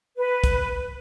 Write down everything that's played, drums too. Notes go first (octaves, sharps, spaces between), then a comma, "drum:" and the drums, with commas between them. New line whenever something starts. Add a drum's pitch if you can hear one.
B4
drum: kick, hi-hat